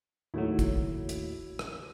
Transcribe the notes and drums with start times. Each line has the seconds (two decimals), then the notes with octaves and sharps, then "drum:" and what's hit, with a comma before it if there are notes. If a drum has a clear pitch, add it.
0.34 D#2 A2 F#3 E4
0.59 drum: kick, hi-hat
1.09 drum: hi-hat
1.59 drum: rim click